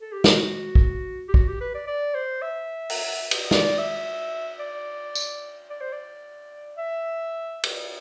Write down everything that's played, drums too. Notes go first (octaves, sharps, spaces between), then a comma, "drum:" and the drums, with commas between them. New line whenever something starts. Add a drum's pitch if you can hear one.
A4
G4
F#4, drum: snare
drum: kick
G4
F#4, drum: kick
G4
B4
D5
D5
C5
E5
drum: open hi-hat
drum: cymbal
D5, drum: snare
E5
D5
drum: tambourine
D5
C5
D5
E5
drum: cymbal